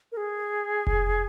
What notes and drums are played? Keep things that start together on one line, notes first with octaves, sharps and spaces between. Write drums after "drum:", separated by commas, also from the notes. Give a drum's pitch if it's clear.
A#4
G#4
drum: kick F1